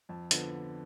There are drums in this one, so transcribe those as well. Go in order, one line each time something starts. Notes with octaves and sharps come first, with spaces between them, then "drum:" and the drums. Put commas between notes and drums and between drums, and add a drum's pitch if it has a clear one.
F2 A5
D3 F3 B3, drum: hi-hat